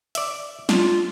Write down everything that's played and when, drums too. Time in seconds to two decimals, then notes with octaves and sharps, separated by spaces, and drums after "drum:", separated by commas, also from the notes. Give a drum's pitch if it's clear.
0.15 D5 E5, drum: hi-hat
0.69 D4 F4, drum: snare